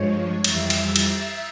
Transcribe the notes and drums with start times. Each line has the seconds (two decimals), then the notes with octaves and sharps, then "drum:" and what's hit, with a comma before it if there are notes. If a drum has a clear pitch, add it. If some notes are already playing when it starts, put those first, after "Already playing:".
Already playing: G2 F3 G#3 C#5
0.44 F2 E3 G3 E5, drum: cymbal
0.70 drum: cymbal
0.96 drum: cymbal